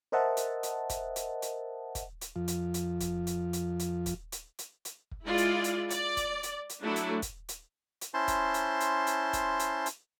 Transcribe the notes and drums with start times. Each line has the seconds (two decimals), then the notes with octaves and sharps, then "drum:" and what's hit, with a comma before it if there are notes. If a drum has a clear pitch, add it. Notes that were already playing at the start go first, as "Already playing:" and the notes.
0.12 A#4 C5 D#5 E5 F#5 A5
0.37 drum: hi-hat
0.63 drum: hi-hat
0.90 drum: kick, hi-hat
1.16 drum: hi-hat
1.42 drum: hi-hat
1.95 drum: kick, hi-hat
2.21 drum: hi-hat
2.36 F2 F3
2.48 drum: hi-hat
2.74 drum: hi-hat
3.01 drum: kick, hi-hat
3.27 drum: hi-hat
3.53 drum: hi-hat
3.80 drum: hi-hat
4.06 drum: kick, hi-hat
4.32 drum: hi-hat
4.59 drum: hi-hat
4.85 drum: hi-hat
5.11 drum: kick
5.24 G#3 E4 F4 D5
5.38 drum: hi-hat
5.64 drum: hi-hat
5.91 D5, drum: hi-hat
6.17 drum: kick, hi-hat
6.43 drum: hi-hat
6.70 drum: hi-hat
6.83 F#3 A3 D4 E4
6.96 drum: hi-hat
7.22 drum: kick, hi-hat
7.49 drum: hi-hat
8.01 drum: hi-hat
8.14 C#4 E4 C5 A5 C6
8.28 drum: kick, hi-hat
8.54 drum: hi-hat
8.81 drum: hi-hat
9.07 drum: hi-hat
9.33 drum: kick, hi-hat
9.60 drum: hi-hat
9.86 drum: hi-hat